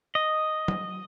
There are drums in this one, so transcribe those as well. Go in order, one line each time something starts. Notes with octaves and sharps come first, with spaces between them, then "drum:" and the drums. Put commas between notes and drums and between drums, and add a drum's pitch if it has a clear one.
D#5
drum: tom F#3